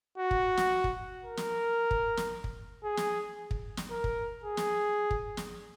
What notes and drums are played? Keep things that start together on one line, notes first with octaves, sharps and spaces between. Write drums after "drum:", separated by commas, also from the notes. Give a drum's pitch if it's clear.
F#4
drum: kick
drum: snare
drum: kick
A#4
drum: snare
drum: kick
drum: snare
drum: kick
G#4
drum: snare
drum: kick
drum: snare
A#4
drum: kick
G#4
drum: snare
drum: kick
drum: snare